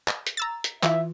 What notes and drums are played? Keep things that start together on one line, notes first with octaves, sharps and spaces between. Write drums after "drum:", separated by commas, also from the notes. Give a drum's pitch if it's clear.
drum: clap
drum: hi-hat
A#5 E6 A6
drum: hi-hat
E3 F4 E5, drum: clap